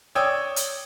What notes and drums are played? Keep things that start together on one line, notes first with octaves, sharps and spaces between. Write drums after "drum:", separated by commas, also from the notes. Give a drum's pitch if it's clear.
C#5 D5 G5 D#6 E6 G#6
drum: hi-hat